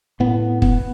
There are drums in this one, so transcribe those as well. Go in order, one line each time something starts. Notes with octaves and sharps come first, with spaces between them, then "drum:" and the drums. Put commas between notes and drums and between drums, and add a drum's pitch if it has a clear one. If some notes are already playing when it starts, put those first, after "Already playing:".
A2 B3
B3, drum: kick